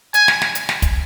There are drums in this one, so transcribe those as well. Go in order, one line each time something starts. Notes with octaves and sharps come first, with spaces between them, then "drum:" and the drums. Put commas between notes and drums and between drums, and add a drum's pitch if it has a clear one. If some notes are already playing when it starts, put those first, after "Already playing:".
G#5, drum: hi-hat
drum: snare
drum: snare
drum: hi-hat
drum: snare
drum: kick, hi-hat